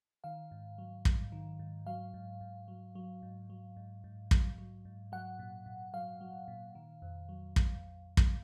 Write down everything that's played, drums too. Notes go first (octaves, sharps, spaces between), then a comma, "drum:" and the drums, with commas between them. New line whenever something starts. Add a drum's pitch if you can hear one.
D#3 F5
G#2
F#3
G#2, drum: kick
D#3
G#2
F#3 F5
G#2
G#2
F#3
F#3
G#2
F#3
G#2
G#2
F#3, drum: kick
F#3
G#2
F#3 F#5
A#2
A#2
F#3 F5
F#3
A#2
D#3
F2
F#3
drum: kick
drum: kick